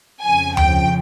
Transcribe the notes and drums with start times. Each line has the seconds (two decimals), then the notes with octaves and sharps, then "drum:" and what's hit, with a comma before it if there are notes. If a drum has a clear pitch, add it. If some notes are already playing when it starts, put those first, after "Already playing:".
0.24 F2 C#3 F3 G#5
0.57 G5, drum: tom D2